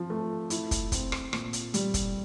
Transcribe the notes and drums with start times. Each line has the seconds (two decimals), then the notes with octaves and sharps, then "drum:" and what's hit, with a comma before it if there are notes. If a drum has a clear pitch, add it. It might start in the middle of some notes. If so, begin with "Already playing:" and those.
Already playing: F3 C4
0.10 A3
0.50 E4, drum: hi-hat
0.71 drum: kick, hi-hat
0.92 C4, drum: kick, hi-hat
1.12 drum: rim click
1.33 A#2, drum: rim click
1.53 drum: hi-hat
1.74 G3, drum: hi-hat
1.94 drum: kick, hi-hat